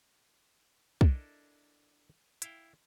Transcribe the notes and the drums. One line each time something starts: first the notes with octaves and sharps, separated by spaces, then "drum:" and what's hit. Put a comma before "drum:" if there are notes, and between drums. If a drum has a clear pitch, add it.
D4 E4 A4 A#4 D#5, drum: kick
E4 F5 G5, drum: hi-hat